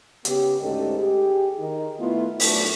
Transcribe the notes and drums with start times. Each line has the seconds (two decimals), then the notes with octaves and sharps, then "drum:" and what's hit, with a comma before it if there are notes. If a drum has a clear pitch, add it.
0.25 C#3 B3 G4, drum: hi-hat
0.60 D2 G#2 C#4 G4 A4 D#5
0.98 G4 G#4
1.57 D#3 D#4
1.99 A3 B3 E4 F4
2.40 F#2 F#3 A3 D4, drum: open hi-hat